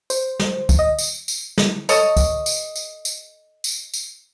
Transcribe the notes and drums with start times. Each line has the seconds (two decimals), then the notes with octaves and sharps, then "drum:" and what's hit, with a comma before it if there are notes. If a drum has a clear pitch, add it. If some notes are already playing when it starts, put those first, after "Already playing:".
0.10 C5, drum: tambourine
0.40 drum: snare
0.69 drum: kick, tambourine
0.79 D#5
0.99 drum: tambourine
1.28 drum: tambourine
1.58 drum: snare
1.89 A4 C#5 D#5, drum: tambourine
2.17 drum: kick, tambourine
2.46 drum: tambourine
2.76 drum: tambourine
3.05 drum: tambourine
3.64 drum: tambourine
3.94 drum: tambourine